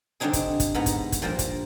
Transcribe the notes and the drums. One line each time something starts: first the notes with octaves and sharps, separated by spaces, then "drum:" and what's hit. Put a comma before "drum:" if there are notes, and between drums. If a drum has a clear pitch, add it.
D3 G3 C4 D4 D#4 G#4
drum: kick, hi-hat
drum: kick, hi-hat
G#2 B3 A#5
drum: kick, hi-hat
drum: kick, hi-hat
A#2 F3 G3 A#3 D4
drum: kick, hi-hat